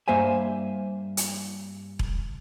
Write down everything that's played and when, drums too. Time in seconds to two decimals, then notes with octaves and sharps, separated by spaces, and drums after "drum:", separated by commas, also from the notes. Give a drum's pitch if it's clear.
0.08 G2 A#3 C5 E5 G#5
1.17 drum: hi-hat
1.99 drum: kick E1